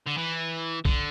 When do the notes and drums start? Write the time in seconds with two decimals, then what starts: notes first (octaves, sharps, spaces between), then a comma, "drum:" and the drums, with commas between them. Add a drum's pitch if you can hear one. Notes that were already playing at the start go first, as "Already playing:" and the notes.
0.06 D3
0.17 E3
0.85 D3, drum: kick B1